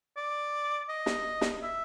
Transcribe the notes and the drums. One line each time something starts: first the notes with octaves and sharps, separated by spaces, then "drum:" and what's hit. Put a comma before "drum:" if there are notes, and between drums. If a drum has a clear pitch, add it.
D5
D#5
drum: snare
drum: snare
E5